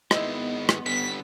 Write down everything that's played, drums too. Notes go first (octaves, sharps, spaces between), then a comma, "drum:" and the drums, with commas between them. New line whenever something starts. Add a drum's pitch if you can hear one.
D#3 G#3 B3 D#4 E4, drum: rim click
drum: rim click
D3 G3 C#4 B6